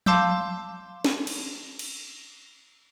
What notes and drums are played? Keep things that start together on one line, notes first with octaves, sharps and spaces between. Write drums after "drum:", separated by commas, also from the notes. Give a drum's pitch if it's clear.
F5 A5 C6 D6 E6 G6, drum: tom F3
drum: snare
drum: cymbal
drum: cymbal